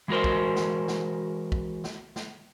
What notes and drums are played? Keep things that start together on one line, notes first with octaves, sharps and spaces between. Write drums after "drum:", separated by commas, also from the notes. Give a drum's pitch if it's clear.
E3 G#3 F#4 A#4 C5
drum: kick
drum: snare
drum: snare
drum: kick
drum: snare
drum: snare